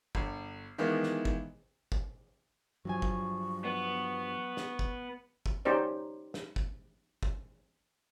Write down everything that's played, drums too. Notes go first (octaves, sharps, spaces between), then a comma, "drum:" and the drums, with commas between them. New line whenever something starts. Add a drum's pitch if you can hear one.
G1, drum: kick
D#3 E3 G#3 A#3 B3
drum: snare
drum: kick
drum: kick
G2 F3 F#3 G#5 C#6
drum: kick
B3
drum: snare
drum: kick
drum: kick
C#4 D#4 G4 C5 D5
drum: snare
drum: kick
drum: kick